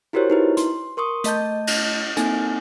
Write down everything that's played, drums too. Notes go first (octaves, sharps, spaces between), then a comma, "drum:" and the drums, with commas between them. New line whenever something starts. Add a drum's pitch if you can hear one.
E4 F#4 G4 A#4 C5 C#5
D#4 E4 B4
C6, drum: hi-hat
A#4 C6 C#6 D#6
A3 D#5 A5 G6, drum: hi-hat
drum: cymbal
A#3 C4 D#4 A4 G#5, drum: hi-hat